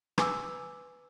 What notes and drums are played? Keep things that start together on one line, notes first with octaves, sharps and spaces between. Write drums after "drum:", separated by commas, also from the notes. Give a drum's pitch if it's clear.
B4 G#5 D6 E6, drum: rim click